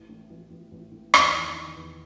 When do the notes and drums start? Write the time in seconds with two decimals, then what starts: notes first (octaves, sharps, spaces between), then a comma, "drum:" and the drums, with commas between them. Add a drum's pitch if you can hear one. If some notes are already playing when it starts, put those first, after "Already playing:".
Already playing: A1
0.09 A2
0.30 A1
0.51 A1
0.71 A1
0.92 A2
1.14 E2, drum: rim click
1.34 D#3
1.55 D#3
1.75 E2